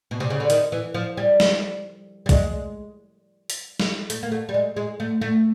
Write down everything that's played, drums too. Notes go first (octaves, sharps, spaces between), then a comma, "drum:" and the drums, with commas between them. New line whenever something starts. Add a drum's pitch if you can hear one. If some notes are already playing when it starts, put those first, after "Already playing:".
B2
C3
C#3
D3
D#3, drum: hi-hat
E3
F3
G3
drum: snare
G3
G#3, drum: kick B1, hi-hat
drum: hi-hat
drum: snare
A3, drum: hi-hat
A#3
A3
G3
G#3
G#3
A3
A3